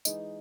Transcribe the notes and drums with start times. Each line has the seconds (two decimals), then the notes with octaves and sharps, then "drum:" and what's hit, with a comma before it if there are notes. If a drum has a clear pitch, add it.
0.05 E3 G#3 D#4 D#5, drum: tambourine